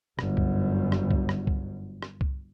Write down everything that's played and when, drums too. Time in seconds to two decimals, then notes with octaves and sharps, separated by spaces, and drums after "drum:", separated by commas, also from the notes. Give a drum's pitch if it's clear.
0.19 G1 F#2, drum: rim click
0.37 drum: kick C2
0.92 drum: rim click
1.11 drum: kick C2
1.29 drum: rim click
1.47 drum: kick C2
2.02 drum: rim click
2.21 drum: kick C2